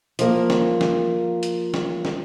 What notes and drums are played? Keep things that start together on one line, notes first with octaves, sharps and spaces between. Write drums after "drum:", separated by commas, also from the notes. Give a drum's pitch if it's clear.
F3 A#3, drum: hi-hat
drum: snare
drum: snare
drum: hi-hat
drum: snare
drum: snare